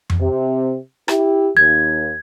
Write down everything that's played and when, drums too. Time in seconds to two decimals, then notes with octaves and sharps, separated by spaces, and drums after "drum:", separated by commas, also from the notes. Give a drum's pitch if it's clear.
0.10 drum: tom F2
0.20 C3
1.08 E4 G4, drum: rim click
1.57 D#2 G#6